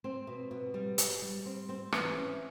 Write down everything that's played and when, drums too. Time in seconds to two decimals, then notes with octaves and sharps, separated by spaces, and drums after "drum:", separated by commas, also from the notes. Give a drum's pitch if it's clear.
0.04 C4
0.27 B2
0.51 B2
0.74 G3
0.98 G3, drum: hi-hat
1.22 G3
1.46 C4
1.69 C4
1.92 E3, drum: rim click
2.17 C#4